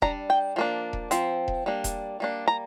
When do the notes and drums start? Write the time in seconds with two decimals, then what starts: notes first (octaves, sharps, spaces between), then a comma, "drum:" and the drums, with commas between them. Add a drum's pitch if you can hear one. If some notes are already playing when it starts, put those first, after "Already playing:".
0.02 G3 D4 A#5, drum: kick E1
0.30 G5
0.56 F3 A#3 D4
0.93 drum: kick E1
1.11 F3 C4, drum: hi-hat
1.48 drum: kick E1
1.66 G3 A#3 D4
1.84 drum: kick E1, hi-hat
2.20 G3 A#3 D4
2.48 A#5